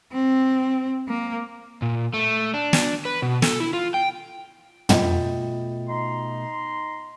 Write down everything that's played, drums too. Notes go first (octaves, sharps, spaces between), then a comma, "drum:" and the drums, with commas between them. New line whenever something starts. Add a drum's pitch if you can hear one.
C4
A#3
A#2
A3
D4
drum: snare
B4
B2
A4, drum: snare
E4
F4
G5
B2 A3 F4 D#5 G5, drum: tom
D#4 A#5 C6